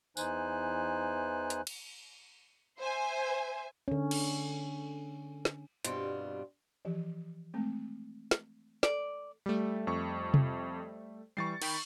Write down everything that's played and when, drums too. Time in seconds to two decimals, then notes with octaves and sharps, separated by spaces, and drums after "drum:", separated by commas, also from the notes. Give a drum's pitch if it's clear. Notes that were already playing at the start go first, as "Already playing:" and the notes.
0.17 E2 E3 D#4 C5 G#5 F#6, drum: tambourine
1.50 drum: hi-hat
1.67 drum: cymbal
2.78 C5 E5 G#5
3.88 D3 C#4
4.11 drum: cymbal
5.45 drum: snare
5.85 G2 B2 G3 C4 F4, drum: hi-hat
6.85 E3 F3 G4
7.54 G#3 A3 C4
8.31 drum: snare
8.83 A4 D5, drum: snare
9.46 G3 A3
9.87 F2 C#6
10.34 drum: tom C3
11.37 E3 G3 C#6 A6 C7
11.62 D#3 G5 B5, drum: cymbal